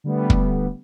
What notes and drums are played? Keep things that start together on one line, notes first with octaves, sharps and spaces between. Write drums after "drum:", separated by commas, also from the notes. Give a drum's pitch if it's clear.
D3 G3 A3 B3
drum: kick